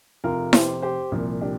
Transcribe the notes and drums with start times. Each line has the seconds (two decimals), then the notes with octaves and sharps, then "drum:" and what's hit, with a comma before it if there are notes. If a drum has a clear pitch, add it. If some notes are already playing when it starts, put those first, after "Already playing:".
0.24 F1 F2 C3 F4 A#4
0.53 G4 C5, drum: snare E4
0.82 G4 C5
1.11 C2 A#2 F3
1.41 D4 G4